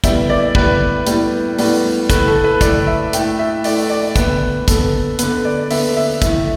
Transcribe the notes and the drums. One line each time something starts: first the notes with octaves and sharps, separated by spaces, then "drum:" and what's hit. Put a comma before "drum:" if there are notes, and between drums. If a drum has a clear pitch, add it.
A2 G3 B3 E5, drum: kick, hi-hat
D5
A2 G3 B3 B4, drum: kick
A2 G3 B3, drum: hi-hat
A2 G3 B3, drum: open hi-hat
A2 A3 B4, drum: kick, hi-hat
A4
B4
A2 A3 D5, drum: kick, hi-hat
E5
A2 A3 G5, drum: hi-hat
E5
A2 A3 D5, drum: open hi-hat
D5
D3 B3 B4, drum: kick, hi-hat
D3 B3 A4, drum: kick, hi-hat
D3 B3 B4, drum: hi-hat
D5
D3 B3 E5, drum: open hi-hat
E5
A2 E3 A3 E5, drum: kick, hi-hat